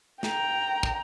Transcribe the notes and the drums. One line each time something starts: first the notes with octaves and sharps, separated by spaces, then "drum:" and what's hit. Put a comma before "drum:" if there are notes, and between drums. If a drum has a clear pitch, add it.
G5 A#5, drum: snare
drum: kick